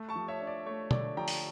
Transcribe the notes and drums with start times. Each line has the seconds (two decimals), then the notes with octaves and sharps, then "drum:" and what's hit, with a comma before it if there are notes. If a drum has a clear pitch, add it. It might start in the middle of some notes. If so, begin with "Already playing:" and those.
Already playing: A3
0.09 A5 C#6
0.15 F3
0.28 C#5 E5
0.40 D4
0.47 D5
0.66 A3 C#5
0.91 D3 D5, drum: tom
1.17 F3 G5 A#5
1.28 drum: open hi-hat